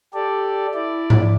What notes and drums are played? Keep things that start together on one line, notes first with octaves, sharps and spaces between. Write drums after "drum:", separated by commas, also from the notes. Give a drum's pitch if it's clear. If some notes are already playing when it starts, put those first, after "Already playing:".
G4 A4 D5
E4 D5
drum: tom G#2